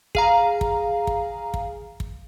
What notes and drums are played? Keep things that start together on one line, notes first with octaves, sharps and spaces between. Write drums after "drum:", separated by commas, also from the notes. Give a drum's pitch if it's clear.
G#4 F5 A#5, drum: kick
drum: kick
drum: kick
drum: kick
drum: kick